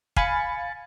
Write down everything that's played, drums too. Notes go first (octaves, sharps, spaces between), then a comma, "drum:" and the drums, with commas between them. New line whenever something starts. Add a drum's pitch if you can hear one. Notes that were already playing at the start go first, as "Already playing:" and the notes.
F5 G#5 B5 A6 C#7, drum: kick